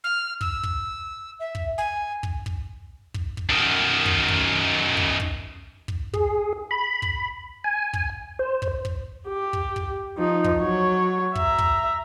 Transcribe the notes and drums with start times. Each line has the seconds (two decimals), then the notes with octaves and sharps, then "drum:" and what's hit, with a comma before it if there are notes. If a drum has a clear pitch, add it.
0.04 F6
0.41 E6, drum: kick
0.63 drum: kick
1.40 E5
1.55 drum: kick
1.78 G#5
2.23 drum: kick
2.46 drum: kick
3.14 drum: kick
3.37 drum: kick
3.50 F#2 D#3
4.06 drum: kick
4.28 drum: kick
4.97 drum: kick
5.20 drum: kick
5.88 drum: kick
6.14 G#4, drum: kick
6.71 B5
7.02 drum: kick
7.64 G#5
7.93 drum: kick
8.39 C5
8.62 drum: kick
8.85 drum: kick
9.29 G4
9.53 drum: kick
9.76 drum: kick
10.17 F3 D#4
10.44 drum: kick
10.61 F#3 C#5
11.35 E5 A#5, drum: kick
11.58 drum: kick